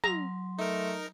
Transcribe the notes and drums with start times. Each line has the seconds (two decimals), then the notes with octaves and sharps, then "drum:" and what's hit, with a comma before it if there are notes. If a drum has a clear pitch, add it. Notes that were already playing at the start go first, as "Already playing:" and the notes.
0.04 F#3 A#5 C6, drum: tom
0.59 A3 D#4 A#4